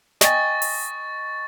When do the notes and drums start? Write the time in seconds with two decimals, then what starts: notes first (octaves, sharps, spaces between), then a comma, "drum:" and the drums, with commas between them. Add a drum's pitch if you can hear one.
0.21 D#5 G5 G#5 C#6 A6, drum: snare
0.62 drum: open hi-hat